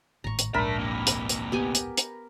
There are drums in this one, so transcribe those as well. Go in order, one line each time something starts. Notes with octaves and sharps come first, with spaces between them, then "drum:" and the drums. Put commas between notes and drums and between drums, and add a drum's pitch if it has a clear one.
G#1 A2 A#5 C#6
drum: hi-hat
D1 A#1 G#2 D4 A#4 E5 A5 B5
C3 A#3
drum: hi-hat
drum: hi-hat
B3 G4 G#5
drum: hi-hat
drum: hi-hat